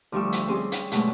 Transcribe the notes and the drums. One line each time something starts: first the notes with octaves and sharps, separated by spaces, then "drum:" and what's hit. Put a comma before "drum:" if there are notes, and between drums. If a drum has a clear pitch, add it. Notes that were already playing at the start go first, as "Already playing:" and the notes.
D2 F3 G3 G4 C#6 E6
drum: hi-hat
G3 C4 C#4 G#4 C5
drum: hi-hat
G2 B2 F#3 G#3 A3, drum: hi-hat